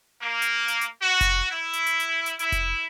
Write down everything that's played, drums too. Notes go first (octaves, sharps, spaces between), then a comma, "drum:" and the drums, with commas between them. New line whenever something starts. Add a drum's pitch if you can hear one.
A#3
drum: hi-hat
drum: hi-hat
drum: hi-hat
F#4
drum: kick F1, hi-hat
E4
drum: hi-hat
drum: hi-hat
drum: hi-hat
drum: hi-hat
E4, drum: hi-hat
drum: kick F1, hi-hat